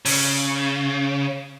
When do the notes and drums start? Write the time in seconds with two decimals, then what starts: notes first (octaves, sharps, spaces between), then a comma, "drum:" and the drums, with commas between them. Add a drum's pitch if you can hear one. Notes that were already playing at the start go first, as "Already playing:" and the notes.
0.05 C#3, drum: open hi-hat